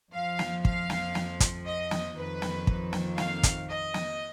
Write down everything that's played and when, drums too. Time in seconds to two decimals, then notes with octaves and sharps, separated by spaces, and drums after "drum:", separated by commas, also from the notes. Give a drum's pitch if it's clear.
0.13 F2 F3 F5
0.39 drum: snare
0.65 F5, drum: kick
0.90 drum: snare
1.15 drum: snare
1.40 drum: kick, hi-hat
1.66 D#5
1.91 drum: snare
2.16 F2 D#3 B4
2.42 drum: snare
2.67 drum: kick
2.93 drum: snare
3.18 F5, drum: snare
3.43 drum: kick, hi-hat
3.69 D#5
3.94 drum: snare